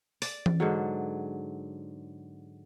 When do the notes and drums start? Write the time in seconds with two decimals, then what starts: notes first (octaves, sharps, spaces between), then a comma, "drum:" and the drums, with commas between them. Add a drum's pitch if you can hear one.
0.22 D5, drum: open hi-hat
0.46 drum: tom E3
0.60 G#2 D3 F#3